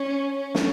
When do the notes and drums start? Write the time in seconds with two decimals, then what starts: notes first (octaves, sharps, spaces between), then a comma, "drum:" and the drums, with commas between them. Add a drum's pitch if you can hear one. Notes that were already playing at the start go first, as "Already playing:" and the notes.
Already playing: C#4
0.32 C#4
0.55 drum: snare